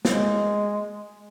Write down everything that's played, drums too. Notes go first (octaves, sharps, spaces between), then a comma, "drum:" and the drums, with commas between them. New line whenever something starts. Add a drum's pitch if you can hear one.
G#3, drum: snare